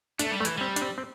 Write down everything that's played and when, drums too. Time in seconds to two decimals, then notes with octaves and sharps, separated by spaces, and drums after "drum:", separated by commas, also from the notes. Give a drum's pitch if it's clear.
0.19 A3 D4, drum: hi-hat
0.31 G3
0.40 A3
0.45 E3, drum: hi-hat
0.57 G3 C4
0.76 D4, drum: hi-hat
0.82 C4
0.98 C4